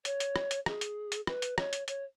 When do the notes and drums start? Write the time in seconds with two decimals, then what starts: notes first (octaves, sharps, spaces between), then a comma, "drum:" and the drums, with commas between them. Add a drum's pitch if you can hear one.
0.05 C#5, drum: hi-hat
0.20 drum: hi-hat
0.36 drum: rim click
0.51 drum: hi-hat
0.66 G#4, drum: rim click
0.81 drum: hi-hat
1.12 drum: hi-hat
1.27 B4, drum: rim click
1.42 drum: hi-hat
1.58 C#5, drum: rim click
1.73 drum: hi-hat
1.88 C#5, drum: hi-hat